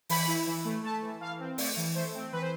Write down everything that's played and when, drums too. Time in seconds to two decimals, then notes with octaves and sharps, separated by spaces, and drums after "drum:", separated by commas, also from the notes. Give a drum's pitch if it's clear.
0.09 E3 B5, drum: open hi-hat
0.27 E4
0.47 E3
0.65 A3
0.83 A3 A5
1.02 E3
1.21 E3 F5
1.39 C4
1.58 A3 D5, drum: open hi-hat
1.77 E3
1.95 A3 C5
2.14 C4
2.32 E3 B4
2.42 C5